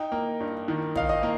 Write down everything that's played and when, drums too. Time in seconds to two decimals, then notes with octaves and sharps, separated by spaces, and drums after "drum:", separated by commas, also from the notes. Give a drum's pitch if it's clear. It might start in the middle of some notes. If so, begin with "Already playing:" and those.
Already playing: D#4 G5
0.12 A#3
0.40 G2
0.68 D#3
0.96 D#4 F5, drum: kick
1.09 D#5
1.23 A#3